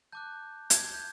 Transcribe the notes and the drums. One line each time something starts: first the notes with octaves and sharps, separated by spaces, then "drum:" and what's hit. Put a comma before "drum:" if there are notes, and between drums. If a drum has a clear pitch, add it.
A5 D6 F#6 G6
G#6, drum: hi-hat
G6